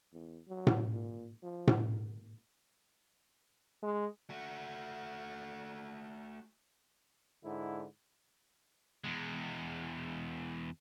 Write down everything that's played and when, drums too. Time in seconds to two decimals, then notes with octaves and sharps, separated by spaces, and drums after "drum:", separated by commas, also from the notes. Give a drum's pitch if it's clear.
0.13 E2
0.48 F#3
0.67 drum: tom A2
0.92 A#2
1.43 F3
1.67 drum: tom A2
3.82 G#3
4.30 A3 F#4
7.44 G#2 D3 E4
9.04 E2 G#3